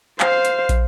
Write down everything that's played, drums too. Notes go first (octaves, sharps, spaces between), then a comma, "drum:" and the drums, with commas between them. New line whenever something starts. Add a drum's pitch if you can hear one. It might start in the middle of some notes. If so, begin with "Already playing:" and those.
C5 F5, drum: clap
drum: hi-hat
drum: kick, hi-hat